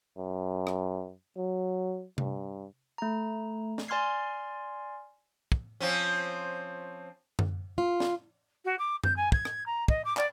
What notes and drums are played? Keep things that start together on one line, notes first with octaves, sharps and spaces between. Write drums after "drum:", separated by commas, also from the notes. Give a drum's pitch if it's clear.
F#2
drum: rim click
F#3
G2, drum: tom C3
A3 A#5
drum: snare
D5 G#5 C6 F6 G#6 C7
drum: kick
F3 C4 C#4
drum: tom F#2
F4
drum: snare
F#4
D6
G6, drum: tom F#2
G#5
G#6, drum: kick
drum: rim click
A#5
D#5, drum: kick
D6
D5, drum: clap